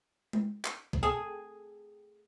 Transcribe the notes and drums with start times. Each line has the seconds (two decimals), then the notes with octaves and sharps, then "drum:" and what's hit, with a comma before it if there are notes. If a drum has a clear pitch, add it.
0.33 drum: tom G#3
0.65 drum: clap
0.93 drum: kick
1.03 G#4